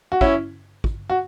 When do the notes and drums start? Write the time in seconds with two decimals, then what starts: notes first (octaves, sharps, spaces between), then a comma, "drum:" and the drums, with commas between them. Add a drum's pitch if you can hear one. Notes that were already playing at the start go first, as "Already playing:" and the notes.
0.12 F#4
0.21 C#4 E4, drum: kick
0.84 drum: kick
1.10 F#4